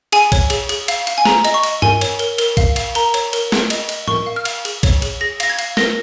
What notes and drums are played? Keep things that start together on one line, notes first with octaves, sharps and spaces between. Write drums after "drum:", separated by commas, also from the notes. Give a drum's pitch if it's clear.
G#4 G#5, drum: cymbal
C#5, drum: kick, cymbal
G#4, drum: cymbal
G#4, drum: cymbal
F5, drum: cymbal
F5, drum: cymbal
G#5
G#4 A#5, drum: snare
D#5, drum: cymbal
C#6
D#5, drum: cymbal
A#4 G#5, drum: tom G2
C#5, drum: cymbal
A#4, drum: cymbal
A#4, drum: cymbal
F5, drum: kick, cymbal
F5, drum: cymbal
A#4 A#5, drum: cymbal
C#5, drum: cymbal
A#4, drum: cymbal
G#4, drum: snare
D#5, drum: cymbal
D#5, drum: cymbal
A#4 C#6, drum: tom
F5
F6
F5, drum: cymbal
G#4, drum: cymbal
C#5, drum: kick, cymbal
G#4, drum: cymbal
G#4 A#6
F5 A#6, drum: cymbal
G#6
F5, drum: cymbal
A#4 A#6, drum: snare